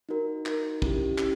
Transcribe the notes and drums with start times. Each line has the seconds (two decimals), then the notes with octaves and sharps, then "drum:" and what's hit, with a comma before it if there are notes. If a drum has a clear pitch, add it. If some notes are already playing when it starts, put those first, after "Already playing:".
0.09 D#4 F#4 A#4
0.46 D#4 F#4 A#4, drum: clap
0.82 C#4 E4 G4, drum: kick
1.18 C#4 E4 G4, drum: clap